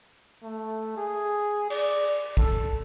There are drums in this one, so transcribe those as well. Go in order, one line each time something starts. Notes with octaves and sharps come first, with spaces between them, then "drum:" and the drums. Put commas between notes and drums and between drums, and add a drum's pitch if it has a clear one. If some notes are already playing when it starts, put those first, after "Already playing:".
A3
G#4
D5, drum: cymbal
A4, drum: kick